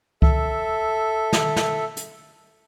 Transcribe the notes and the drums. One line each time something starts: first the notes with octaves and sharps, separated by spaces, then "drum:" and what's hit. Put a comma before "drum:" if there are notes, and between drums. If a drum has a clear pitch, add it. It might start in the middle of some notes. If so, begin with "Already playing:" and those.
A4 E5, drum: kick C#2
drum: snare
drum: snare
drum: hi-hat